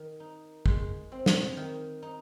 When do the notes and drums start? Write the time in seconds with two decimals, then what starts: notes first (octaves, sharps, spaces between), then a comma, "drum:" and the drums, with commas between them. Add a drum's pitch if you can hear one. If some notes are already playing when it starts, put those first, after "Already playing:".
Already playing: D#3
0.20 D#4
0.66 G#3, drum: kick
1.12 C4
1.26 drum: snare
1.57 D#3
2.02 D#4